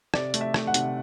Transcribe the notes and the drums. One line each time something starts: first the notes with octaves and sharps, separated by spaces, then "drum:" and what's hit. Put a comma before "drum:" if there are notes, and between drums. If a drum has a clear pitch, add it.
C3 D5, drum: rim click
A3, drum: hi-hat
E5
A3, drum: rim click
F#5
C3, drum: hi-hat